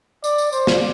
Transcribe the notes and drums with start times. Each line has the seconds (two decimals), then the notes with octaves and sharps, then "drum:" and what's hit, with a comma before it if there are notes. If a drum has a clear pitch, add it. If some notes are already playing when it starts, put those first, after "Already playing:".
0.24 D5, drum: tambourine
0.38 drum: tambourine
0.52 C5, drum: tambourine
0.67 drum: snare